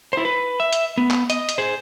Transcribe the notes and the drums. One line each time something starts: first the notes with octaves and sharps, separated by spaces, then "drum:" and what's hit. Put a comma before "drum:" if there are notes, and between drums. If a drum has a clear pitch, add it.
E4 C5
B4
E5
drum: hi-hat
B3
drum: clap
D#5, drum: hi-hat
drum: hi-hat
G#4 C5